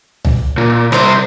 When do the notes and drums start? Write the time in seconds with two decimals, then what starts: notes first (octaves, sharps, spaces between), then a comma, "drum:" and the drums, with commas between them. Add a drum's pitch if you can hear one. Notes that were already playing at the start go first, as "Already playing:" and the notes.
0.25 drum: tom
0.58 A#2
0.92 C2 C5, drum: rim click